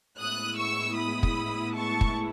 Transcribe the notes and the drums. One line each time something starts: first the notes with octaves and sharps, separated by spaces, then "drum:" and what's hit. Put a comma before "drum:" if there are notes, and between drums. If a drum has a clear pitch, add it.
A2 G#3 B3 E4 D#6 F#6
C#6 E6
B5 D#6
drum: kick
A5 C#6
drum: kick